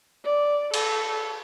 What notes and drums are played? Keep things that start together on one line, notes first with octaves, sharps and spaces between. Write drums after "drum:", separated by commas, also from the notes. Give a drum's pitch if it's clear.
D5
A4, drum: cymbal